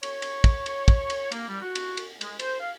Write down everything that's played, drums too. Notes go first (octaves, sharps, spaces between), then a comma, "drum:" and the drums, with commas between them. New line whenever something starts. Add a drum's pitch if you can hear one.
C#5, drum: cymbal
drum: cymbal
drum: kick, cymbal
drum: cymbal
drum: kick, cymbal
drum: cymbal
A#3, drum: cymbal
G3
F#4
drum: cymbal
drum: cymbal
G#3, drum: cymbal
C5, drum: cymbal
F5